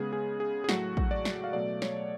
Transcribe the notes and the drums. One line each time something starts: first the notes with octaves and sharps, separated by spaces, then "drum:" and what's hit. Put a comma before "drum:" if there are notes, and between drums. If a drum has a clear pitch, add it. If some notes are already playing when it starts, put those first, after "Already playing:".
Already playing: C#3 G#3 B3 G#4
G#4
G#4
G#4
A2 F#3 A3 F#4, drum: snare
drum: kick A1
D5
drum: snare
F5
B2 F#3 A3 D5
C#5, drum: snare